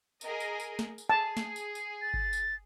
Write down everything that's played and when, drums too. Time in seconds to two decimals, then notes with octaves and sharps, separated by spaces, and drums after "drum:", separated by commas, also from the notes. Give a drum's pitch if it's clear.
0.21 G#4 A#4 D#5, drum: tambourine
0.40 drum: tambourine
0.60 drum: tambourine
0.79 drum: snare
0.98 drum: tambourine
1.10 G#4 A5
1.37 drum: snare
1.56 drum: tambourine
1.75 drum: tambourine
2.02 A6
2.14 drum: kick G1
2.33 drum: tambourine